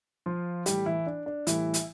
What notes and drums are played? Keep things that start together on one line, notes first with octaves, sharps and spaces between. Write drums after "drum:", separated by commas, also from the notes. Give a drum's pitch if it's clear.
F3 F4
A2 E3 G3 G4, drum: hi-hat
E3 E4
D4
D4
A2 E3 G3 E4, drum: hi-hat
drum: hi-hat